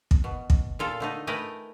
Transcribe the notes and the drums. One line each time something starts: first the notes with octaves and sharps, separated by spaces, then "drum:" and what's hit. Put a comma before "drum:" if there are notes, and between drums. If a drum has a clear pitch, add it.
drum: kick
B2
drum: kick
A#2 F4 A4
D3 A3 D#4
A3 A#4 B4 D#5 G5 G#5